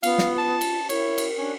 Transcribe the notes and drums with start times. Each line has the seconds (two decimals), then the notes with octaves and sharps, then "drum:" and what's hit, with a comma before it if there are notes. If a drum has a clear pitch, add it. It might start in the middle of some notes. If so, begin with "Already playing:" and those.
0.03 B3 F4 F5, drum: cymbal
0.18 drum: snare
0.38 A5
0.61 drum: cymbal
0.89 E4 A#4 C#5, drum: cymbal
1.18 drum: cymbal
1.38 C#4 D4